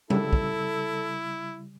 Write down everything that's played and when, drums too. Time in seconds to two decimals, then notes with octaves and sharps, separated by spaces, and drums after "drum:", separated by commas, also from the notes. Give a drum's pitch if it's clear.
0.10 C#3 G3 E4 A4, drum: tom G3
0.33 drum: kick